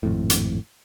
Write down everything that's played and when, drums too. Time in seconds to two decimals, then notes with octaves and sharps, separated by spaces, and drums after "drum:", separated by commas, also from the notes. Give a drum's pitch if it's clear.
0.03 G#1 F2 A2
0.30 drum: hi-hat